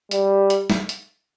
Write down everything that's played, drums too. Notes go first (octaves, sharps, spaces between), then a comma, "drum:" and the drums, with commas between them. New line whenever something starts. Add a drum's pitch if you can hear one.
G3, drum: hi-hat
drum: hi-hat
drum: snare
drum: hi-hat